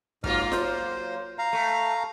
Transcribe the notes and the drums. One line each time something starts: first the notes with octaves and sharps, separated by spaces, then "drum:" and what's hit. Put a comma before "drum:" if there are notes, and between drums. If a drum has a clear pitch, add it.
G#2 F#3 A#3 F4 F6, drum: kick
C5, drum: snare F4
F5 A#5
A3